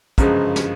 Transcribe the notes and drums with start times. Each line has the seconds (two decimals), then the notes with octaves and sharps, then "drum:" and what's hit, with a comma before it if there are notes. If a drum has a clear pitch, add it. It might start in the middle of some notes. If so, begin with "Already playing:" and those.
0.18 G1 F#2 C#3 F3 G#3, drum: kick, hi-hat
0.56 drum: snare